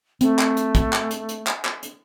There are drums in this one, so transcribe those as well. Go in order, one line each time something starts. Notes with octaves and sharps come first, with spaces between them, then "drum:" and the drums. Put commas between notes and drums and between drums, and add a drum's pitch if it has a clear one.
A3 C4, drum: hi-hat
drum: clap
drum: hi-hat
drum: kick, hi-hat
drum: clap
drum: hi-hat
drum: hi-hat
drum: clap
drum: clap
drum: hi-hat